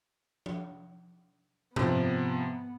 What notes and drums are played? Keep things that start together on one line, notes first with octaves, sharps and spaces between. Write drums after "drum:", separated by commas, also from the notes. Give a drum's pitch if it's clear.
drum: tom F3
C3 F3 B3, drum: tom G#2